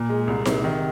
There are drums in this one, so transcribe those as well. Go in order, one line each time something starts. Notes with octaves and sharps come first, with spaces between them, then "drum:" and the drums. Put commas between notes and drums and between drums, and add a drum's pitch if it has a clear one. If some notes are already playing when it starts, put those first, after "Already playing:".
Already playing: A#2
G#3
C2
C3, drum: snare D#4
D#3